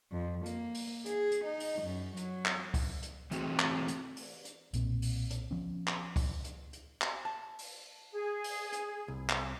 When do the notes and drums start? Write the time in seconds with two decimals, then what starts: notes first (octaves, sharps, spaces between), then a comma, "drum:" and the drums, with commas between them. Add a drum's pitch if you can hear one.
0.12 F2
0.46 A#3, drum: hi-hat
0.74 drum: open hi-hat
1.06 G#4, drum: hi-hat
1.31 drum: hi-hat
1.45 D#4
1.60 drum: open hi-hat
1.83 F#2
2.17 F#3, drum: hi-hat
2.45 drum: clap
2.74 drum: kick C#2, open hi-hat
3.02 drum: hi-hat
3.31 E3 A3 C4 F#4 G#4, drum: hi-hat
3.59 drum: clap
3.88 drum: hi-hat
4.16 drum: open hi-hat
4.45 drum: hi-hat
4.73 B1 A#2 C4, drum: hi-hat
5.02 drum: open hi-hat
5.30 drum: hi-hat
5.51 F3 B3 C#4
5.87 drum: clap
6.16 drum: kick C#2, open hi-hat
6.44 drum: hi-hat
6.73 drum: hi-hat
7.01 drum: clap
7.25 A5
7.58 drum: open hi-hat
8.12 G#4
8.44 drum: open hi-hat
8.72 drum: hi-hat
9.08 C2
9.29 drum: clap